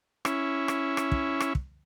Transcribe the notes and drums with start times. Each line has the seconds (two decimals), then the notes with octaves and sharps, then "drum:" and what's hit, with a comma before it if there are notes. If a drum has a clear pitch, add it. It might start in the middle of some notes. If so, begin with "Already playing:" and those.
0.25 C#4 E4, drum: rim click
0.68 drum: rim click
0.97 drum: rim click
1.12 drum: kick
1.40 drum: rim click
1.55 drum: kick